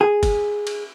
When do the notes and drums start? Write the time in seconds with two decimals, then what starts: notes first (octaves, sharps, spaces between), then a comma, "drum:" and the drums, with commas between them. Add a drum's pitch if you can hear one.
0.01 G#4
0.23 drum: kick, cymbal
0.67 drum: cymbal